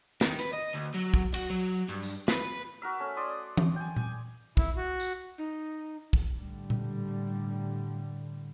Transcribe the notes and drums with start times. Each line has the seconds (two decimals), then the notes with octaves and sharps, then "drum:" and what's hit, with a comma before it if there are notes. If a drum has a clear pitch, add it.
0.21 D#3, drum: snare
0.39 B4, drum: hi-hat
0.53 D#5
0.73 D2
0.94 F#3
1.14 drum: kick
1.34 F#4, drum: cymbal
1.50 F#3
1.88 G2
2.03 drum: tambourine
2.28 B4, drum: snare
2.82 F#4 A#4 E5
2.99 A3 C#4
3.17 D5 C6 D#6
3.57 drum: tom E3
3.76 G5 G#5
3.96 G#5, drum: tom A#2
4.57 E4, drum: kick
4.77 F#4
5.00 drum: tambourine
5.38 D#4
6.13 drum: kick
6.31 A2 D3 G3
6.70 drum: tom A#2